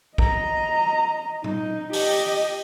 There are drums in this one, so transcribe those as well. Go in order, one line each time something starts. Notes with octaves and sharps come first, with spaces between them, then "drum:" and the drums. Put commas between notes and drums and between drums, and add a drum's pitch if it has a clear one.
D#5 A#5, drum: kick
D#4, drum: tom A#2
G4 D#5, drum: open hi-hat